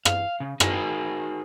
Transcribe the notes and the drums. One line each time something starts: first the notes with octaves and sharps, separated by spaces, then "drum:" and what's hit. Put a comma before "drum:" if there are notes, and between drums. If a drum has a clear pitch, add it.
F5, drum: rim click
C#3
D#4 F#4 G#4 A#4 C5, drum: rim click